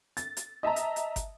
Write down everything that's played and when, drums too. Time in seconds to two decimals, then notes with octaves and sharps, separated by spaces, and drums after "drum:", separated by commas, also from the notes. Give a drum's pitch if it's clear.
0.17 A6, drum: hi-hat
0.37 drum: hi-hat
0.63 D#5 E5 A5 A#5
0.76 drum: hi-hat
0.96 drum: hi-hat
1.16 drum: kick, hi-hat